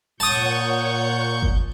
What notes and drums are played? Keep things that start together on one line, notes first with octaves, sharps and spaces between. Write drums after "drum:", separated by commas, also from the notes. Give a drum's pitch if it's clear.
A#2 C#5 F#5 A5 C#6 D#6 G6
drum: kick G1